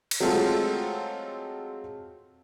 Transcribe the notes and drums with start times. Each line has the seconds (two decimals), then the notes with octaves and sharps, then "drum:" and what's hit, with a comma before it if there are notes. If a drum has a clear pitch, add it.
0.11 drum: cymbal
0.20 F#3 G#3 A3 C4 F4 A4